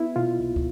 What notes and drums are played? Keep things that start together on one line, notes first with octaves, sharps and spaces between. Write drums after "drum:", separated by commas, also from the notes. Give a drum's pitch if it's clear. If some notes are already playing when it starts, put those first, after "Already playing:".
Already playing: B3 E4
B2 F4
C2
drum: kick